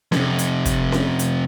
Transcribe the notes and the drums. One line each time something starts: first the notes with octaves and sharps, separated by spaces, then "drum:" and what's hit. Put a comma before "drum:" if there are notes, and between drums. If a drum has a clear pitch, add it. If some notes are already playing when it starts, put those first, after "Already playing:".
F2 C3, drum: snare C#4
drum: hi-hat
drum: kick, hi-hat
drum: snare C#4
drum: hi-hat